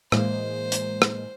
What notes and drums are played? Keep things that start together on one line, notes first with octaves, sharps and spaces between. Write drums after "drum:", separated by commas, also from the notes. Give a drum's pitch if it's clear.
A2 E3 G#3 A#3 C5, drum: rim click
drum: hi-hat
drum: rim click